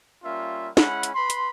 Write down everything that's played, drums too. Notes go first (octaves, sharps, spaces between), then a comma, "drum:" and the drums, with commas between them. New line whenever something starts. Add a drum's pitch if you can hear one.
G3 A#3 C#4 F4 E5
G#3 C#4 E4 F#5 B5, drum: snare
drum: hi-hat
B4 B5 C6
drum: hi-hat